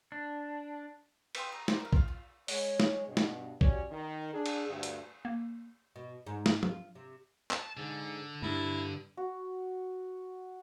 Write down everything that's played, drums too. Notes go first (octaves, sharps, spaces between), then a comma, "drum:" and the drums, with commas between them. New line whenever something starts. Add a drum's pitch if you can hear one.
D4
B4 F5 G5 C6, drum: cymbal
A#5
F#4 A#4 C5 D5, drum: snare
A#4 F5
F4 F5, drum: kick A#1
F4
G#3 C#5, drum: open hi-hat
drum: snare
G2 B2
drum: snare
C#4 F#4 G4 C#5 D5, drum: kick A#1
D#3
D4 G#4
drum: cymbal
D2 G2
drum: hi-hat
A#3
B2
G#2
drum: snare
F4, drum: tom
C3
A5, drum: clap
G#2 D3
G2 E4
F#4